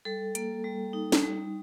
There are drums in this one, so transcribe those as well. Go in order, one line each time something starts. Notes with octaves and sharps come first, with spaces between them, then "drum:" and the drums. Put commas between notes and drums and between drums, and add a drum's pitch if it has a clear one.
G3 A4
A#3, drum: hi-hat
G3
D#4
drum: snare
G3